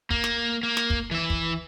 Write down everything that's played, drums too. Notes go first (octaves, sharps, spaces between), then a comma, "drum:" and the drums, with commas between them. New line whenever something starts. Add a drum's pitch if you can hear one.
A#3, drum: kick
drum: snare
A#3
drum: snare
drum: kick
E3 E5
drum: kick